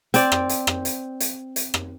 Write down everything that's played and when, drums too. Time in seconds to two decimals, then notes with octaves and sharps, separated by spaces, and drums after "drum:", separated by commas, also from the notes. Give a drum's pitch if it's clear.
0.14 C4 D5, drum: hi-hat
0.32 drum: rim click
0.49 drum: hi-hat
0.67 drum: rim click
0.85 drum: hi-hat
1.20 drum: hi-hat
1.56 drum: hi-hat
1.74 drum: rim click